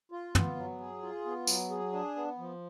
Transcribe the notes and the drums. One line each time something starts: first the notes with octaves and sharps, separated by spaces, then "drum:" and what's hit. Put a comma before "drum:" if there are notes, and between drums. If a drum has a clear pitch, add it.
F4
B3, drum: tom
F#3
G#4
F4
B3
F#3, drum: tambourine
G#4
D4
B3
F3